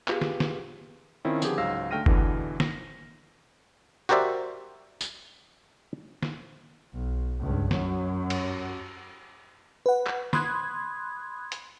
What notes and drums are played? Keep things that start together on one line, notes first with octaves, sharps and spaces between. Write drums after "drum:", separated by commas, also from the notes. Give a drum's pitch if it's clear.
B3 F4 G4 G#4, drum: clap
drum: snare
drum: snare
D#3 C4 C#4 E4 F4
D3 F3 B3 G4 G#4, drum: tambourine
C#2 G#2 F#3 F5 E6 A#6
D3 A3 G5 F6 A#6 D#7
E2 B2 D3 E3, drum: kick F#1
A#6, drum: snare
F#4 G4 A#4 C5 D5 E5
drum: tambourine
drum: snare
B1
C#2 G2
F#2 F#3, drum: snare
drum: cymbal
B4 F#5
drum: clap
B5 C6 D#6 F#6 G#6, drum: snare
drum: hi-hat